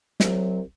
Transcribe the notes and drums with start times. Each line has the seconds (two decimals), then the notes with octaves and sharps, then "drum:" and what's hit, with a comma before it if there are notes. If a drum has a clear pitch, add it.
0.20 C2 C3 F#3, drum: snare